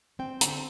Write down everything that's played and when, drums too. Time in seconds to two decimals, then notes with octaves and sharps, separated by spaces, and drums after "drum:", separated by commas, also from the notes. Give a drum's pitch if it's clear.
0.19 C4 G5
0.41 D3, drum: hi-hat